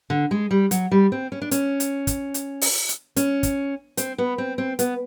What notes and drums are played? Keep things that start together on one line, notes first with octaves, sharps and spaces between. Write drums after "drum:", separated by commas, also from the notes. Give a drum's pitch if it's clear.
D3
G#3
G3
F#3, drum: hi-hat
G3
C4
C#4
D4
C#4, drum: hi-hat
drum: hi-hat
drum: kick, hi-hat
drum: hi-hat
drum: open hi-hat
drum: hi-hat
C#4, drum: hi-hat
drum: kick, hi-hat
C4, drum: hi-hat
B3
C4
C4
B3, drum: hi-hat